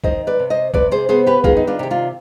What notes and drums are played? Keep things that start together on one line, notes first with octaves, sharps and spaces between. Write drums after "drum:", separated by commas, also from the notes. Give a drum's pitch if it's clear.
D#3 C5 D#5, drum: kick
B4 D5
C3
C5 D#5
C3 B4 D5, drum: kick
G#4 C5
B3 G#4 C5
G4 B4
D#3 F4 G#4, drum: kick
D#4
D4 F4
C3 G4
D4 F4